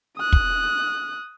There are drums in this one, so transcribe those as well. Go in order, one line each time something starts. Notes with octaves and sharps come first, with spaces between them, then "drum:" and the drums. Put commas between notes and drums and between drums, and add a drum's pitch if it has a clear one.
D#6 F#6
drum: kick